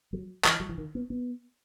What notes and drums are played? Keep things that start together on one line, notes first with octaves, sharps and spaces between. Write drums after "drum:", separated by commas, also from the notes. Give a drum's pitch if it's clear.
F#3
E3, drum: clap
F#3
E3
D#3
B3
B3